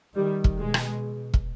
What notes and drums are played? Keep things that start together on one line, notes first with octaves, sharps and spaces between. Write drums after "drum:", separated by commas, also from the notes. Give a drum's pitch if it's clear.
D#3 G3
drum: kick
B2 G#3
drum: rim click
drum: kick